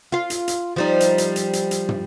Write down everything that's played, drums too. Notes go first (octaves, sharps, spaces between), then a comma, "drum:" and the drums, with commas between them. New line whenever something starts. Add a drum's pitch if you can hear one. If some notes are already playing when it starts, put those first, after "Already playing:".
F4 F5
drum: hi-hat
drum: hi-hat
F3 G3 D#4
drum: hi-hat
drum: hi-hat
drum: hi-hat
drum: hi-hat
drum: hi-hat
drum: tom